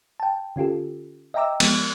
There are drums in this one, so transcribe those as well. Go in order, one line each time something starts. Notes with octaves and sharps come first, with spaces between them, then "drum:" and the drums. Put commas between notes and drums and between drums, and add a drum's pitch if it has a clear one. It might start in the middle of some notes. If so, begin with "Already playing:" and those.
G5 A5
D3 C#4 F4 G4 A4
D#5 E5 G5 A#5 D6 E6
F3 G#3 B3, drum: cymbal